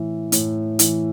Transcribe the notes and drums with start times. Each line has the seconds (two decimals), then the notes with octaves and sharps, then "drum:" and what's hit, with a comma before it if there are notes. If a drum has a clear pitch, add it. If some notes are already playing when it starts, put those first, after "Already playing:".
Already playing: A2 E3
0.32 A2, drum: hi-hat
0.79 E3, drum: hi-hat